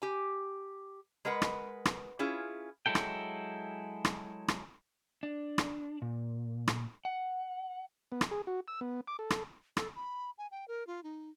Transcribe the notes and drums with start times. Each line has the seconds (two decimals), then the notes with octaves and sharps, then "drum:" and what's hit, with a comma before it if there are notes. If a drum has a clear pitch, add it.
0.02 G4 G#5
1.25 G#3 A#4 B4 F#5
1.42 drum: rim click
1.85 drum: rim click
2.19 C#4 E4 F4 G#4
2.86 F#3 G#3 E4 A4 G5
2.95 drum: rim click
4.05 drum: rim click
4.48 drum: rim click
5.23 D4
5.58 drum: rim click
6.02 A#2
6.68 drum: rim click
7.05 F#5
8.12 B3
8.21 drum: rim click
8.31 G#4
8.47 F#4
8.68 E6
8.81 B3
9.08 D6
9.19 A4
9.30 drum: rim click
9.77 A4, drum: rim click
9.95 B5
10.38 G#5
10.51 G5
10.68 A#4
10.87 F4
11.03 D#4